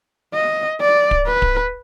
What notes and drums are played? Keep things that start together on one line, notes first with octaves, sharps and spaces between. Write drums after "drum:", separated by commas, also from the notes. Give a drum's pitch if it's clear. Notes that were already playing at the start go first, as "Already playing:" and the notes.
D#5
D5
drum: kick D1
B4
drum: kick D1